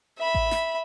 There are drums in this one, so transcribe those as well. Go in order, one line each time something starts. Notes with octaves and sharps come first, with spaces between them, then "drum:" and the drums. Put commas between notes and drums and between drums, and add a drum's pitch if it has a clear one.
E5 B5
drum: kick A1
drum: snare